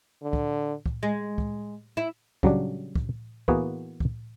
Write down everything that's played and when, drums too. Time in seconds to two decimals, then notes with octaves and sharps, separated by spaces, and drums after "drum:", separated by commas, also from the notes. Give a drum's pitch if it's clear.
0.22 D3
0.33 drum: kick
0.86 drum: kick
1.03 G#3
1.38 drum: kick
1.97 E4
2.43 C#3 F#3 G3 D4, drum: kick
2.95 drum: kick
3.48 E3 A#3 B3 F#4 G#4, drum: kick
4.00 drum: kick